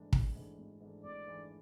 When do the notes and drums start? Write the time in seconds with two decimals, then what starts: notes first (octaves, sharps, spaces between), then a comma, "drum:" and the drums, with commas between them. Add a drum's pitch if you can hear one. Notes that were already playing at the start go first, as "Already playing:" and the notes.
Already playing: G#1 G#2 E3 A3 D4
0.13 G#1, drum: kick
0.35 G#2 E3 A3 D4
0.58 G#1
0.81 G#2 E3 A3 D4
1.03 G#1 D5
1.27 G#2 E3 A3 D4